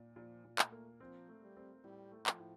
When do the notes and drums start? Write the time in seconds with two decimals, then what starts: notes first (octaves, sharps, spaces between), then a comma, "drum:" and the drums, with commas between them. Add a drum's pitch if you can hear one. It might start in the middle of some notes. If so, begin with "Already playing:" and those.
Already playing: A#2
0.16 A#2 F3
0.44 A#2
0.59 A3, drum: clap
0.72 A#3
1.00 F3 C4
1.28 A3
1.42 G3
1.57 C4
1.84 A2 G3
2.11 A3
2.26 F3, drum: clap
2.39 A2